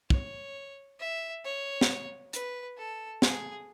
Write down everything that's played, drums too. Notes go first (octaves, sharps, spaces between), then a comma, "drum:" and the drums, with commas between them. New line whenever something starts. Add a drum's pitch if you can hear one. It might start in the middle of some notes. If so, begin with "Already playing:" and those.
C#5, drum: kick
E5
C#5
drum: snare
B4, drum: hi-hat
A4
G#4, drum: snare